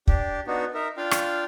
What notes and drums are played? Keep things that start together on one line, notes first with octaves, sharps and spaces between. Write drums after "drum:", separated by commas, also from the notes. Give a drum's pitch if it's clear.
D4 G4, drum: kick
B3 D4 D#4 F#4
D#4 A#4 E5
D4 F4 F5 G5
drum: rim click